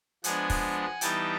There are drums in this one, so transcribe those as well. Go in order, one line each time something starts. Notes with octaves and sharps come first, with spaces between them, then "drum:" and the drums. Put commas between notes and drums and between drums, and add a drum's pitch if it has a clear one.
F3 G#3 B3 D4 F#5 G#5, drum: hi-hat
drum: kick, open hi-hat
E3 G3 B3 D#4 G5 A5, drum: hi-hat